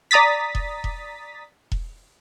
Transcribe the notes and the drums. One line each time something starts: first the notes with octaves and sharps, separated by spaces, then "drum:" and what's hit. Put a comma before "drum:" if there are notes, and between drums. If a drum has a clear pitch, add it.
D5 A#5 D#6 A6 B6
drum: kick E1
drum: kick E1
drum: kick E1